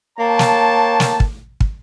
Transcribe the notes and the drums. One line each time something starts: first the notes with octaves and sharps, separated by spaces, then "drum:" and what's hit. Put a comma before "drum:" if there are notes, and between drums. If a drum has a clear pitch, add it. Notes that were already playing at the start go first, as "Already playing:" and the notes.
A#3 C#5 G5 A5
drum: snare
drum: snare
drum: kick
drum: kick